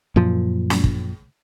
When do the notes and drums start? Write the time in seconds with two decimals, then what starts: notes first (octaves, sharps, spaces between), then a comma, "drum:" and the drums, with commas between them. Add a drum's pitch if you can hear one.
0.16 F#2 A#2 F3
0.70 drum: snare
0.84 drum: kick